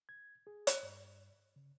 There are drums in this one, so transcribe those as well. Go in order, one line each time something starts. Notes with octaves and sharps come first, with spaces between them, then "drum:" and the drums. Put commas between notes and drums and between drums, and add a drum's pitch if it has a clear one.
G#6
G#4
drum: hi-hat
G2
C#3